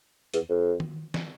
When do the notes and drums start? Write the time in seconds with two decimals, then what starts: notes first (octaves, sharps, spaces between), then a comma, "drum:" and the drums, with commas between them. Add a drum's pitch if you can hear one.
0.34 E2, drum: hi-hat
0.49 F2
0.80 drum: tom D#3
1.14 drum: snare